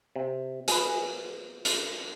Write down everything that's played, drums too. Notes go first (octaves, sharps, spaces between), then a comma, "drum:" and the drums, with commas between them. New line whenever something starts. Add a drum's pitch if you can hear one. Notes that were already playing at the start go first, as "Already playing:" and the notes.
C3
G#4 B4, drum: hi-hat
drum: hi-hat